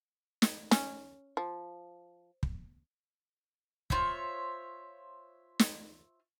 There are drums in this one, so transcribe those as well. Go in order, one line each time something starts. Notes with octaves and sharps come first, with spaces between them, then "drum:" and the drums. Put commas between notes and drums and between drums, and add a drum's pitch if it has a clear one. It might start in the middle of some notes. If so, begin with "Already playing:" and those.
drum: snare
C#4, drum: snare
F3
drum: kick
F4 C5 C#5 E5, drum: kick
drum: snare